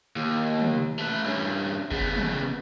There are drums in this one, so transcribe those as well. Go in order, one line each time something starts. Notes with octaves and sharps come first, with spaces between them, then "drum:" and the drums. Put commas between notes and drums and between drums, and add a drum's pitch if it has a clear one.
D#2
drum: tom
A3 B4
G2 C#4
C#3 B3, drum: kick F#1
drum: tom